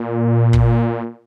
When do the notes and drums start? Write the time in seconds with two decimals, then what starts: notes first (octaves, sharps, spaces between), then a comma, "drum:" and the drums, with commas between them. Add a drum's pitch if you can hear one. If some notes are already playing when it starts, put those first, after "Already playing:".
Already playing: A#2
0.53 drum: kick